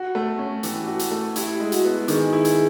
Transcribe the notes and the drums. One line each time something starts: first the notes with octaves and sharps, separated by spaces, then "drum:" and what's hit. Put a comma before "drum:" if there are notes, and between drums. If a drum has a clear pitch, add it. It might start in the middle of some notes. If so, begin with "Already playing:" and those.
Already playing: F#4
A3
C#4
E3 G4, drum: hi-hat
F#4
drum: hi-hat
A3
E4 G4, drum: hi-hat
G#3
F#4, drum: hi-hat
B3
D#3 G#4, drum: hi-hat
E4
drum: hi-hat